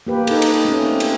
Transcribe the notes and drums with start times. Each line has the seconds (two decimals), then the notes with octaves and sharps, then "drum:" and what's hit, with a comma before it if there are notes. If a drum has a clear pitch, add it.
0.07 A#3 G4 B4
0.27 D#4 A4, drum: cymbal
0.42 drum: cymbal
0.65 A3 C#4
0.82 C4
1.00 drum: cymbal